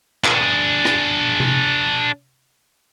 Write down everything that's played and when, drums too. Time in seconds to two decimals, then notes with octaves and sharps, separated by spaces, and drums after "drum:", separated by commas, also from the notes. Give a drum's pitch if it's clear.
0.24 D4 G#4, drum: clap
0.85 drum: rim click
1.40 drum: tom C3